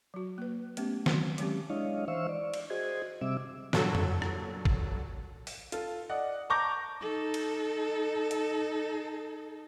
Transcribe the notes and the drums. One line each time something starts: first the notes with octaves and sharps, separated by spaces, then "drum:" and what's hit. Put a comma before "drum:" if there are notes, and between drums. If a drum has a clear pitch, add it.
F#3 F#4
A#3 B4
A3 B3 C#4 G4, drum: hi-hat
D#3 F#3 C4 F#4, drum: snare
F#3 G#3 C4 C#4 G4, drum: hi-hat
G#3 D4 E4 C#5 D#5 F5
E3 C5 E5 F5 C#6 E6
D5
drum: cymbal
F#4 G#4 C5 D#5 G#6
C3 G3 C4 E5 D6 E6
G2 A#2 F#3 A4, drum: snare
drum: tom F2
drum: rim click
drum: kick
drum: open hi-hat
F4 A4, drum: hi-hat
D5 D#5 F#5
A5 A#5 C#6 D6 G6 A#6
D#4 A4
drum: cymbal
drum: hi-hat